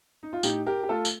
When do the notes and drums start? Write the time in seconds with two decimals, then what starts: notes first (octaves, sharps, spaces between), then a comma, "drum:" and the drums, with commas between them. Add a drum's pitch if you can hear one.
0.23 D#4
0.33 F4
0.43 A2 D#4 G4, drum: tambourine
0.66 G4 A#4
0.83 G4
0.89 A3 F4 A4
1.05 drum: tambourine